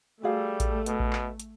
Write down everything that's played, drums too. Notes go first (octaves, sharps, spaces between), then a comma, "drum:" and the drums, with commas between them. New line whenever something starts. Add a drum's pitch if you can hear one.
G3 A3 F#4 G#4 F5
drum: kick A1, hi-hat
B2, drum: hi-hat
drum: kick A1
drum: clap
drum: hi-hat